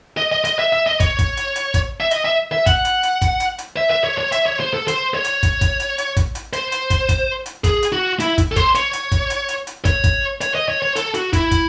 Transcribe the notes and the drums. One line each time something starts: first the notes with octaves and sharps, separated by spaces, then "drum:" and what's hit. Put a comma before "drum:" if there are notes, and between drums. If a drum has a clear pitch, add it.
D#5
D#5
D#5, drum: hi-hat
E5
E5
D#5
C#5, drum: kick, hi-hat
drum: kick, hi-hat
drum: hi-hat
drum: hi-hat
drum: kick, hi-hat
E5
D#5, drum: hi-hat
E5
E5
F#5, drum: kick, hi-hat
drum: hi-hat
drum: hi-hat
drum: kick, hi-hat
drum: hi-hat
drum: hi-hat
E5
E5
C#5
C#5
E5, drum: hi-hat
C#5
C5
A4
C5, drum: hi-hat
C#5
drum: hi-hat
drum: kick, hi-hat
drum: kick, hi-hat
drum: hi-hat
drum: hi-hat
drum: kick, hi-hat
drum: hi-hat
C5, drum: hi-hat
drum: hi-hat
drum: kick, hi-hat
drum: kick, hi-hat
drum: hi-hat
G#4, drum: kick, hi-hat
drum: hi-hat
F#4
E4, drum: hi-hat
drum: kick, hi-hat
A4
C5, drum: kick, hi-hat
C#5, drum: hi-hat
drum: hi-hat
drum: kick, hi-hat
drum: hi-hat
drum: hi-hat
drum: hi-hat
C#5, drum: kick, hi-hat
drum: kick, hi-hat
C#5, drum: hi-hat
D#5
C#5
C#5
A4, drum: hi-hat
F#4, drum: hi-hat
E4, drum: kick, hi-hat
drum: kick, hi-hat